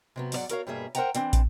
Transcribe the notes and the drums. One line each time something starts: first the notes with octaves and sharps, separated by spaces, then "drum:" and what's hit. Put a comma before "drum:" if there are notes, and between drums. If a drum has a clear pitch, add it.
C3 F#3 B3
G#2 F#3 E4 C5 D5 F#5, drum: open hi-hat
F#4 A#4 C#5 F5, drum: hi-hat
G2 B2 A#3 G#4 E5
A#4 C5 E5 F#5 G5 A#5, drum: hi-hat
E3 C4 D4, drum: hi-hat
drum: kick, hi-hat